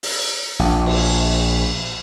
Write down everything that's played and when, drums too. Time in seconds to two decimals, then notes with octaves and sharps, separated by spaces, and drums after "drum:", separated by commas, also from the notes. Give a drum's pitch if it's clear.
0.03 drum: open hi-hat
0.59 A#1
0.86 drum: cymbal